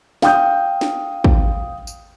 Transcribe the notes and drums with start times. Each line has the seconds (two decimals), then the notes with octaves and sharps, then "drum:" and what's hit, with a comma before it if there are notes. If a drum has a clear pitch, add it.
0.22 F5 G5 D#6 G6, drum: snare
0.81 drum: snare
1.24 drum: kick
1.87 drum: tambourine